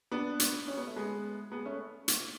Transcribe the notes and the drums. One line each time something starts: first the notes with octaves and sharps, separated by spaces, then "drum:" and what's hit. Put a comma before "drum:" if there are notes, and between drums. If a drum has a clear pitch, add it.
B3 D4
drum: hi-hat
C#4
B3
A3
G#3 B3
G#3 B3
A3 C#4
drum: hi-hat